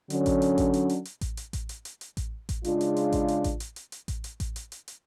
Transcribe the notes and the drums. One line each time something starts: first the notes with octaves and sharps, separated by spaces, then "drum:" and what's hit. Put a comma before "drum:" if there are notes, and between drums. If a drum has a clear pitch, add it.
D3 F#3 C#4, drum: hi-hat
drum: kick A1, hi-hat
drum: hi-hat
drum: kick A1, hi-hat
drum: hi-hat
drum: hi-hat
drum: hi-hat
drum: kick A1, hi-hat
drum: hi-hat
drum: kick A1, hi-hat
drum: hi-hat
drum: hi-hat
drum: hi-hat
drum: kick A1, hi-hat
drum: kick A1, hi-hat
C#3 G#3 D4 F4, drum: hi-hat
drum: hi-hat
drum: hi-hat
drum: kick A1, hi-hat
drum: hi-hat
drum: kick A1, hi-hat
drum: hi-hat
drum: hi-hat
drum: hi-hat
drum: kick A1, hi-hat
drum: hi-hat
drum: kick A1, hi-hat
drum: hi-hat
drum: hi-hat
drum: hi-hat